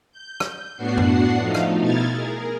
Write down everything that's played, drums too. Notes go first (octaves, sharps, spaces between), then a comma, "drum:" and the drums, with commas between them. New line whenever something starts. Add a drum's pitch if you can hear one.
G6
drum: rim click
A2 B3 D4 F#4 F#5 C7
drum: tom F#2
F3 A3 D#4 F5
drum: rim click
B2 D#4 E4 F6 G#6 A6
G#4 A#4